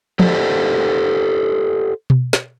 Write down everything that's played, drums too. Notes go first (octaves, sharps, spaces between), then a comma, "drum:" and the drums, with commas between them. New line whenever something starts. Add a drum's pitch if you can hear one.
G4 A4 C5 D5 D#5 F#5, drum: tom
drum: tom B2
drum: snare